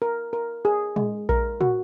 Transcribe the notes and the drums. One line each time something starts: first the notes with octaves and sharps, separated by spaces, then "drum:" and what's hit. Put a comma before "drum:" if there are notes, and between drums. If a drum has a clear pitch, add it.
A#4
A#4
G#4
G#3, drum: tom
A#4, drum: kick A#1
F#4, drum: tom